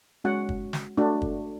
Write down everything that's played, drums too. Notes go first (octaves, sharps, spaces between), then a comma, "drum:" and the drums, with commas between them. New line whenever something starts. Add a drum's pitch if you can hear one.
G#3 C#4 F#4 F#5
drum: kick
drum: snare
A3 D4 F#4
drum: kick